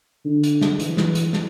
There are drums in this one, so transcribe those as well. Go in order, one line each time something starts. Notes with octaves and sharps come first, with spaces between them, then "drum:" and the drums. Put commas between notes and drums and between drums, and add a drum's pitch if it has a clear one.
D3
drum: hi-hat
drum: snare
E3, drum: hi-hat
drum: snare
drum: hi-hat
drum: snare